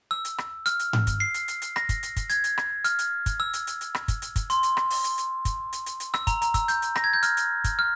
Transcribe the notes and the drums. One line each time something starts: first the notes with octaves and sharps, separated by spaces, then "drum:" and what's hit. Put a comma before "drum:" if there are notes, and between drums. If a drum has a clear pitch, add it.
E6
drum: hi-hat
drum: rim click
F6, drum: hi-hat
drum: hi-hat
drum: tom G#2
drum: kick, hi-hat
C7
drum: hi-hat
drum: hi-hat
drum: hi-hat
A#6, drum: rim click
drum: kick, hi-hat
drum: hi-hat
drum: kick, hi-hat
G#6, drum: hi-hat
drum: hi-hat
drum: rim click
F6, drum: hi-hat
drum: hi-hat
drum: kick, hi-hat
E6
drum: hi-hat
drum: hi-hat
drum: hi-hat
drum: rim click
drum: kick, hi-hat
drum: hi-hat
drum: kick, hi-hat
C6, drum: hi-hat
drum: hi-hat
drum: rim click
drum: open hi-hat
drum: hi-hat
drum: hi-hat
drum: kick, hi-hat
drum: hi-hat
drum: hi-hat
drum: hi-hat
E6, drum: rim click
A#5, drum: kick, hi-hat
A#5, drum: hi-hat
E6, drum: kick, hi-hat
G6, drum: hi-hat
drum: hi-hat
A#6, drum: rim click
G#6
G6
F6, drum: hi-hat
drum: hi-hat
drum: kick, hi-hat
F6